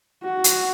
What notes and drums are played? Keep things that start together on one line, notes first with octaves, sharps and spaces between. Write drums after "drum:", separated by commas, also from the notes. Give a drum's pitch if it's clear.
F#4
drum: hi-hat